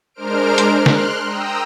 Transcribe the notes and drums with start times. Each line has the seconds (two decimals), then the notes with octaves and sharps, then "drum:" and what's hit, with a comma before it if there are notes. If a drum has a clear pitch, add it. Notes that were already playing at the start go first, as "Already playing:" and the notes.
0.14 G#3 D4 A#4 C5 F6 D7
0.58 drum: hi-hat
0.76 C6 F6 F#6
0.86 drum: snare
1.24 G5 A#5 D#6 E6